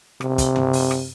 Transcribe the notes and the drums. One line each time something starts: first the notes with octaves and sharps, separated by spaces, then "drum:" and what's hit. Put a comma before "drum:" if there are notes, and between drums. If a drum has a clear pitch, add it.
C3, drum: rim click
drum: kick, hi-hat
drum: tom
drum: open hi-hat
drum: rim click